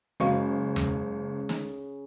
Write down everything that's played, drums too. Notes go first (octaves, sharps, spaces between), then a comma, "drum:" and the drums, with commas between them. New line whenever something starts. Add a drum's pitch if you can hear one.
F#1 C#3 G#3 F#4 F5 C#6
drum: tom E2
drum: snare